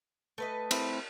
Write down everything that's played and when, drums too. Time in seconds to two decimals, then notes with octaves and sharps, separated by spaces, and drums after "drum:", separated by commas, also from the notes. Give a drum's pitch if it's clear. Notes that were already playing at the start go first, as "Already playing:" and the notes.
0.38 A3 B4 D#5
0.71 C4 E4, drum: cymbal